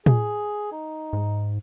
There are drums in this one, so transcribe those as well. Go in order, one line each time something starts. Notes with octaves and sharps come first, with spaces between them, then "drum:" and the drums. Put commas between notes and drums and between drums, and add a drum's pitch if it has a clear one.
G#4, drum: tom
D#4
G#2